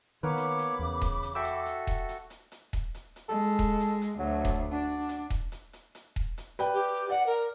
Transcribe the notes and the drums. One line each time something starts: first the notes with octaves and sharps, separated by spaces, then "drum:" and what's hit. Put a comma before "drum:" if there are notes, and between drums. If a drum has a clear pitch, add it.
D#3 A#3 B3 A#4 B4 C#5 B5 D6
drum: hi-hat
drum: hi-hat
E2 C#3
drum: kick D#1, hi-hat
drum: hi-hat
F#4 A4 E5 G5 E6
drum: hi-hat
drum: hi-hat
drum: kick D#1, hi-hat
drum: hi-hat
drum: hi-hat
drum: hi-hat
drum: kick D#1, hi-hat
drum: hi-hat
drum: hi-hat
G#3 A4
drum: kick D#1, hi-hat
drum: hi-hat
drum: hi-hat
D2 F#3
drum: kick D#1, hi-hat
D4 F#4
drum: hi-hat
drum: kick D#1, hi-hat
drum: hi-hat
drum: hi-hat
drum: hi-hat
drum: kick D#1
drum: hi-hat
B4 D5 G5, drum: hi-hat
G4
D5 F#5
A#4